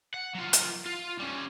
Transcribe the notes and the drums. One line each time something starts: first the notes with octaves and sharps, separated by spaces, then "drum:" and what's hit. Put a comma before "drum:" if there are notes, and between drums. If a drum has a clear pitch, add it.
F#5
F#3 F4
drum: hi-hat
F4
G3 C#4